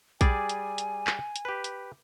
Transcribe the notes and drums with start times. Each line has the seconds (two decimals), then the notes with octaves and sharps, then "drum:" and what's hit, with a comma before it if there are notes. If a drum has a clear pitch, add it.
0.21 G3 G#4 D5 G#5, drum: kick A#1, hi-hat
0.49 drum: hi-hat
0.78 drum: hi-hat
1.07 drum: clap
1.36 drum: hi-hat
1.45 G4 B4
1.64 drum: hi-hat